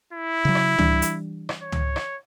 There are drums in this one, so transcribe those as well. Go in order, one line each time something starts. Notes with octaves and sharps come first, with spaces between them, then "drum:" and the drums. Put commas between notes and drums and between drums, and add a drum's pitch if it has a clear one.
E4
C#3 F#3
drum: rim click
E3 G3 D4, drum: tom
drum: hi-hat
drum: rim click
C#5
drum: tom
drum: rim click